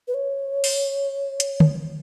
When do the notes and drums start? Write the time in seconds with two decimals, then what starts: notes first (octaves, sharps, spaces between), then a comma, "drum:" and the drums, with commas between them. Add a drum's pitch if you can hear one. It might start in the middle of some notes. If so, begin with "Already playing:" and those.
0.08 B4
0.14 C#5
0.64 drum: open hi-hat
1.40 drum: hi-hat
1.60 drum: tom